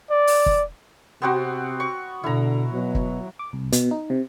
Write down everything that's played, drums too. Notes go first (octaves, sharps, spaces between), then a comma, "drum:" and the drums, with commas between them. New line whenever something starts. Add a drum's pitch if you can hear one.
D5
drum: open hi-hat
drum: kick
C3 B3 C4 F#4
C#6
B2 D3 E4 A#5
B2 F#3
drum: kick
D6
C2
B2, drum: hi-hat
D#4
C3